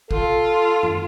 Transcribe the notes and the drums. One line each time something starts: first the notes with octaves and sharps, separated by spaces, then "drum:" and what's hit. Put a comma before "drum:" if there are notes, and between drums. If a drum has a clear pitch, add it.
F4 A4, drum: kick
drum: tom F#2